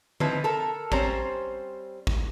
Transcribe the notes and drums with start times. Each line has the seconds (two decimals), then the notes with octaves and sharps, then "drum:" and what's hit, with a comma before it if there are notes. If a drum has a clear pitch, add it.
0.20 F3 C4 D#4 E4 B4, drum: tom D3
0.44 A4 A#4
0.92 G3 C4 C#4 C5 A#5, drum: kick A1
2.07 drum: kick A1